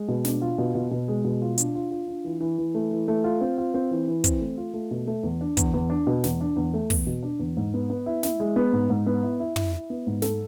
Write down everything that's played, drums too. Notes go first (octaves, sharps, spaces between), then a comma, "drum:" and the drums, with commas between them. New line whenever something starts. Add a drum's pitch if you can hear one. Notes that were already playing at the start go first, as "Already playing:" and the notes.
Already playing: G#3
B2
D4, drum: snare
F4
B2
B2
B2
G#3
B2
F4
D4, drum: hi-hat
F4
F4
D4
E3
E3
E3
A3
E3
A3
F4
C4
F4
C4
E3
E3
C4, drum: kick, hi-hat
A3
F4
A3
B2
A3
E2
D4
E2, drum: kick, hi-hat
E2
D4
B2
E2, drum: snare
D4
E2
A3
E2, drum: kick, open hi-hat
B2
D4
E2
G#2
B3
B3
E4
E4, drum: snare
G#3
B3
G#2
G#2
B3
E4
E4
E4, drum: tom
E4
B3
G#2
A4, drum: snare